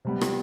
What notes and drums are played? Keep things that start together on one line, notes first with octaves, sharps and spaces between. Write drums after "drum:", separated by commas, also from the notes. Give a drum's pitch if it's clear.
C3 G3 B3
drum: rim click